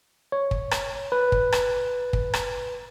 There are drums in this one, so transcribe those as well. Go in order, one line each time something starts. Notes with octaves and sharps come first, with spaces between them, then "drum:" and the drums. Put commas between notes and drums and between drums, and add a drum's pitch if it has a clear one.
C#5
drum: kick
drum: rim click
B4
drum: kick
drum: rim click
drum: kick
drum: rim click